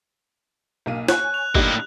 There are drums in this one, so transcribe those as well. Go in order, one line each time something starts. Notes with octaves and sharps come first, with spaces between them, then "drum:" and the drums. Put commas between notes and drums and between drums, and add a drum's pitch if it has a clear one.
B1 A#3 D#7
C#5 G#5 F#6, drum: snare
F7
A2 A#3 D4 D#4 G4, drum: kick G1